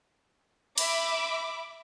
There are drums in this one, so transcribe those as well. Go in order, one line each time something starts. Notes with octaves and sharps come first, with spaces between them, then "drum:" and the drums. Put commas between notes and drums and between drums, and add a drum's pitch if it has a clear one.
E5 B5 D6, drum: cymbal